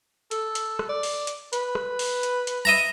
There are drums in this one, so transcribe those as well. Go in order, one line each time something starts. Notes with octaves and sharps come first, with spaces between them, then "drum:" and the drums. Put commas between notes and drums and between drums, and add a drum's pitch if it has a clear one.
A4, drum: hi-hat
drum: hi-hat
drum: rim click
D5
drum: open hi-hat
drum: hi-hat
B4, drum: hi-hat
drum: rim click
drum: open hi-hat
drum: hi-hat
drum: hi-hat
D#5 E5 A#5